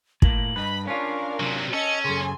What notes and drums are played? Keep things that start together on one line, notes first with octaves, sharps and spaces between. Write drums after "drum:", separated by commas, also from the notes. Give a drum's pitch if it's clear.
A2 A#3 F#7, drum: kick
G2 B4 D#5 B5
C#4 D4 F4 A#4 F5 C#6
C3 F#3
C#4 A4 D#5 C#7
F#2 C#3 G#4 A4 G#5 C6